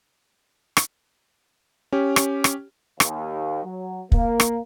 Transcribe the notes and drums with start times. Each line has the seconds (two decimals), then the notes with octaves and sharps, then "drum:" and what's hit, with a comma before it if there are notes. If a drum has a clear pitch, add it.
0.77 drum: rim click
1.92 C#4 G4
2.16 drum: rim click
2.44 drum: rim click
3.00 D#2, drum: rim click
3.64 F#3
4.12 A#3, drum: kick
4.40 drum: rim click